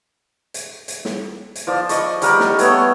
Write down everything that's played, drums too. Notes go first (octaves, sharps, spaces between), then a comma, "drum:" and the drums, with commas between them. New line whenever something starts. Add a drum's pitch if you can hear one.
drum: hi-hat
drum: hi-hat
drum: snare
drum: hi-hat
F3 D5
D#5 B5 C#6, drum: hi-hat
G3 A#4 B4 F#5, drum: hi-hat
drum: snare
A3 B3 C#5 G5, drum: hi-hat